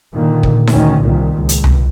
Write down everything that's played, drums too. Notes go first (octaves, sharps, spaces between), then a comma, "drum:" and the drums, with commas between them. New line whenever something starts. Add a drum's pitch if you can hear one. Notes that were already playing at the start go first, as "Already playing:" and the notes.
A#2 D3 D#3
drum: kick
D2 D#3 C#4, drum: snare D#4
C2 A#2 D#3
C#2
drum: hi-hat
drum: tom C2